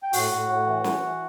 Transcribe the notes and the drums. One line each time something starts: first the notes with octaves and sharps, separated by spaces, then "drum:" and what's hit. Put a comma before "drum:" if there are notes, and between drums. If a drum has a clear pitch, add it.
G5
A2 F#4 F#5, drum: open hi-hat
A2
A2
E3
E3, drum: snare
E3